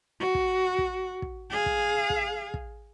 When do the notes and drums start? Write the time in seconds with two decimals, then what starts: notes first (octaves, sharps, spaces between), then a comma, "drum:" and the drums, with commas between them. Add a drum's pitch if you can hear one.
0.20 F#4
0.35 drum: kick
0.78 drum: kick
1.22 drum: kick
1.50 G#4 F5
1.66 drum: kick
2.10 drum: kick
2.54 drum: kick